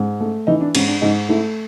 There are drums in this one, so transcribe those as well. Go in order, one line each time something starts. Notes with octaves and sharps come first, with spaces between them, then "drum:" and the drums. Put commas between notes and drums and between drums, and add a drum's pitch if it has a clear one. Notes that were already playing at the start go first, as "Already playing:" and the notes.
Already playing: G#2
A3
E3 D#4
D4
G#2 C#4, drum: cymbal
D4
G#2 D#4
A3 E4